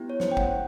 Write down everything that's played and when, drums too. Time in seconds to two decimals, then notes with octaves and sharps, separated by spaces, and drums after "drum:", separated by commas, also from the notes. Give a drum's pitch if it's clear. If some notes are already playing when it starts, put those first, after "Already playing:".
Already playing: B3 E4 G4
0.10 C#5
0.20 C5, drum: snare
0.31 G5
0.37 F#5, drum: kick